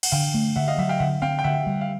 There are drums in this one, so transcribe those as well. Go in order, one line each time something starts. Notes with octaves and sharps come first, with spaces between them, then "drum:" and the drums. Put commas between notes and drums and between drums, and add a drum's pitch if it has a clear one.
F#5, drum: cymbal
D3 F5 G5
A3
D3 E5 F#5
D#5 F5
F#3 E5 F#5
F5 G5
D3 E5 F#5
C4 F5 G5
G5
D3 E5 F#5
G3
F5